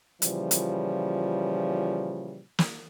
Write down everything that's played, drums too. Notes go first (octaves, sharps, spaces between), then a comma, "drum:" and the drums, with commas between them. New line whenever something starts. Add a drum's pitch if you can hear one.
A#2 C#3 E3 F3 G3, drum: hi-hat
drum: hi-hat
drum: snare